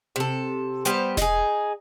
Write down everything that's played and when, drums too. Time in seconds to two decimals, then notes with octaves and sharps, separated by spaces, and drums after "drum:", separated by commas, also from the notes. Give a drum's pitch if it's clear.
0.16 C3 A4
0.85 G3 B3 G4 C5, drum: hi-hat
1.17 D#4 G#4, drum: snare E1